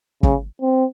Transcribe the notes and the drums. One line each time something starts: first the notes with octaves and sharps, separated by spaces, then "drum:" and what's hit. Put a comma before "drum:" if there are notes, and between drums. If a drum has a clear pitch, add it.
C#3, drum: kick
C4